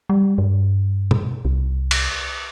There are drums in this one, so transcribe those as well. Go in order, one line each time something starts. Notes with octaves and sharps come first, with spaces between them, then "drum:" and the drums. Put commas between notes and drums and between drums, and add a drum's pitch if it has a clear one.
G3
G2
drum: tom B2
C2
drum: cymbal